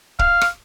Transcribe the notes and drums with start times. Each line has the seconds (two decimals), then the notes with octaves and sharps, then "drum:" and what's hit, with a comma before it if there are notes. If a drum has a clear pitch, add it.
0.19 F5, drum: kick
0.41 drum: rim click